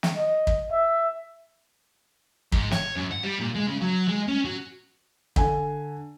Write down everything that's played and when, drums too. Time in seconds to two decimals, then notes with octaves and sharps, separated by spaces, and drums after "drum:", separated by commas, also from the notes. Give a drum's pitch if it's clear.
0.03 drum: snare
0.16 D#5
0.47 drum: kick
0.71 E5
2.52 G#2, drum: kick
2.71 C#5, drum: snare
2.96 F#2
3.12 F#5
3.24 G3
3.40 A#2
3.55 G#3
3.67 C#3
3.81 F#3
4.08 G#3
4.28 C#4
4.45 F#3
5.36 D3 G#5, drum: kick